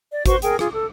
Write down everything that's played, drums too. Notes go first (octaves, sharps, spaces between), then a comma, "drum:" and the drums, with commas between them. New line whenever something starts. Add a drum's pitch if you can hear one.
D5
F#4 B4 C5 C#6, drum: kick G#1, hi-hat
G#4 A#4 G5, drum: hi-hat
F4 G#4, drum: rim click
A4